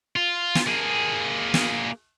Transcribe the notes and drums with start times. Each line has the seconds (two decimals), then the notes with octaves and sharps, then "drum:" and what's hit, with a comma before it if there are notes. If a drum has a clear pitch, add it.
0.16 F4
0.55 drum: snare
0.67 A#3 G#4
1.54 drum: snare